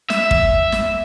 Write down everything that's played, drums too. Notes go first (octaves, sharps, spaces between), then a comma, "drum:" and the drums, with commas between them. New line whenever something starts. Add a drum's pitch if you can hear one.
E5, drum: snare
drum: kick
drum: snare